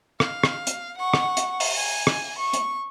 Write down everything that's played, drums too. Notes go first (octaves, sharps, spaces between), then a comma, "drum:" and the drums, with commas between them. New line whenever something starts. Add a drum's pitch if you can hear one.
F5, drum: rim click
drum: rim click
drum: hi-hat
F#5 C#6
drum: rim click
drum: hi-hat
drum: open hi-hat
G#5
drum: rim click
C#6
drum: hi-hat